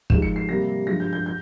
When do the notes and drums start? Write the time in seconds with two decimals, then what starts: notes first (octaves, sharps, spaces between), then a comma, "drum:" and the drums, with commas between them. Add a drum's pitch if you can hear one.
0.10 G#2 F3 G#3 E7, drum: kick
0.22 C#7
0.36 C7
0.48 C3 G3 A#3 A#6
0.87 G2 F3 G#3 A#6
1.00 G6
1.13 G6
1.26 G6